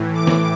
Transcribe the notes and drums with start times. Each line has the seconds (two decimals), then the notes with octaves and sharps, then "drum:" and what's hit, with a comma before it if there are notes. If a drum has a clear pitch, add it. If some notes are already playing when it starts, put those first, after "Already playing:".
Already playing: A2 E3
0.15 D6
0.27 drum: snare